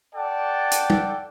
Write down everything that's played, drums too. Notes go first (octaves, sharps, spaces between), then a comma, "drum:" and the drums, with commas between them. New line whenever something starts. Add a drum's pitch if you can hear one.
A4 D5 F#5 G5 A5
drum: hi-hat
drum: tom